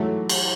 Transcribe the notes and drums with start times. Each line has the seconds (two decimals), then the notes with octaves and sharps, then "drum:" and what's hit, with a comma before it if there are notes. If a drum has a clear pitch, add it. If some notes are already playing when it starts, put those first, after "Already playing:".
Already playing: G#2 E3 F#3 A3
0.29 drum: cymbal